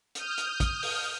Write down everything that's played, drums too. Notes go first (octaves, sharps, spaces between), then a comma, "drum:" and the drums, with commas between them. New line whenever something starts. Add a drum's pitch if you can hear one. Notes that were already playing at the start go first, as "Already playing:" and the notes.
D#6 F6 G6, drum: hi-hat
drum: hi-hat
drum: kick, hi-hat
drum: open hi-hat